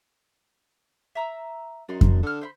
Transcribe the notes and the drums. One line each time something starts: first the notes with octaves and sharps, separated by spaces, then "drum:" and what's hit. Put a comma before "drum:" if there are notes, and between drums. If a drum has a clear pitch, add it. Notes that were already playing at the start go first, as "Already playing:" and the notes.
E5 A#5 E6
F#2 D4 D#4 C6
drum: kick F2
D3 A4 F6
C5 E5 B5